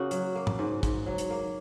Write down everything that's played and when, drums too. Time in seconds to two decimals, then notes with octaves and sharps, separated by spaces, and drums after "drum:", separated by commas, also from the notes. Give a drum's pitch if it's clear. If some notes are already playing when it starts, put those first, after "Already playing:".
Already playing: C#3 A#3 C#4 F#4
0.11 F#3, drum: hi-hat
0.35 A#3
0.47 drum: tom G2
0.59 G#2
0.83 G#2, drum: kick, hi-hat
1.06 F#3
1.18 drum: hi-hat
1.30 A#3